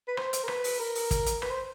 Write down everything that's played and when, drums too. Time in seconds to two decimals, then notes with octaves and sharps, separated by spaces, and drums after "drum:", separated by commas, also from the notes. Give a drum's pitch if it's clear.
0.08 B4
0.17 C5, drum: rim click
0.33 drum: hi-hat
0.43 A#4
0.48 B4, drum: rim click
0.64 drum: open hi-hat
0.79 A#4
0.95 drum: open hi-hat
1.11 drum: kick, hi-hat
1.26 drum: hi-hat
1.42 B4, drum: rim click
1.50 C5